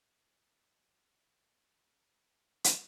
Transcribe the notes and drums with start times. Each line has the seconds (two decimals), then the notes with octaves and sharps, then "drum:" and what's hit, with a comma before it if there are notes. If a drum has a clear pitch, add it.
0.85 A5 A#5
1.81 G3
2.64 drum: hi-hat